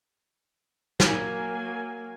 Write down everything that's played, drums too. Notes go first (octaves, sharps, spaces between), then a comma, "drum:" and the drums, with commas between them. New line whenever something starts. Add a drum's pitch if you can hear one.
F#3 A#3 G#5, drum: snare